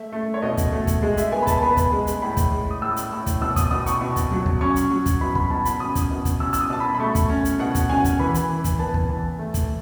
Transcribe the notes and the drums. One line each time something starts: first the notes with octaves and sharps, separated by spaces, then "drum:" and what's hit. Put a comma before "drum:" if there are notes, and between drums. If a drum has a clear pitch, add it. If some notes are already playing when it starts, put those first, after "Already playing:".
Already playing: A3 E5
A3
C#5
B2 D#5
drum: kick, hi-hat
A3
drum: kick, hi-hat
G#3
E5, drum: hi-hat
B3 G#5
B5
A5, drum: kick, hi-hat
B3 B5
drum: kick, hi-hat
G#3
drum: hi-hat
A2 B5
drum: kick, hi-hat
G#3
D#6
A2 E6
drum: hi-hat
A2
drum: kick, hi-hat
B2 E6
D#6, drum: kick, hi-hat
B2 D#6
C#6, drum: hi-hat
B2
drum: kick, hi-hat
F#3
drum: kick
C#4 C#6
drum: hi-hat
F#3
drum: kick, hi-hat
B2 B5
B5, drum: kick
B2 A5
B5, drum: hi-hat
C#4 D#6
drum: kick, hi-hat
B2
drum: kick, hi-hat
C#4 E6
E6, drum: hi-hat
D#6
B2 A5
B5
B5
A3 C#6
drum: kick, hi-hat
C#4
drum: hi-hat
B2 F#5
drum: kick, hi-hat
C#4 G#5
drum: kick, hi-hat
E3 B5
drum: hi-hat
E3
drum: kick, hi-hat
B3 A5
drum: kick
E3 A5
A3
drum: kick, hi-hat